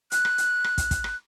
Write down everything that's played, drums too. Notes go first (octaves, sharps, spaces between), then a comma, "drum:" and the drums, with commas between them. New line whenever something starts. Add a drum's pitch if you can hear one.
F#6, drum: hi-hat
drum: rim click
drum: hi-hat
drum: rim click
drum: kick, hi-hat
drum: kick, hi-hat
drum: rim click